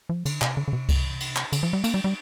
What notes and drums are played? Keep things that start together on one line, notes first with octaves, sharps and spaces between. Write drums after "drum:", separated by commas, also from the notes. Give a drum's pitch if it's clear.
F3
D3, drum: cymbal
C3, drum: clap
D3
D3
C3
drum: kick C2, cymbal
drum: cymbal
drum: clap
D3, drum: cymbal
F3
G3
A#3, drum: cymbal
G3
G3